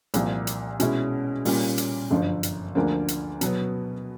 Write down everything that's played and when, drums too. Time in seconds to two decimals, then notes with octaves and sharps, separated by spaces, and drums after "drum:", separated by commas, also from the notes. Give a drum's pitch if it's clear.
0.14 C2 A#2 F3, drum: hi-hat
0.47 drum: hi-hat
0.80 B2 G#3 C#4 E4, drum: hi-hat
1.45 A#2 G3 A#3 C#4 F4, drum: open hi-hat
1.78 drum: hi-hat
2.11 G1 F#2 D3 F3
2.43 drum: hi-hat
2.75 D2 D3 F3 A#3 D4
3.08 drum: hi-hat
3.41 B2 F#3 B3, drum: hi-hat